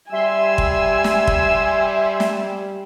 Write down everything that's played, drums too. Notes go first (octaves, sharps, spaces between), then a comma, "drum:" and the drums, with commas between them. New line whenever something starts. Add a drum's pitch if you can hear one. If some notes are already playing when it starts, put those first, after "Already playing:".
G3 E5 G#5 C6 E6
drum: kick
drum: snare
drum: kick
drum: snare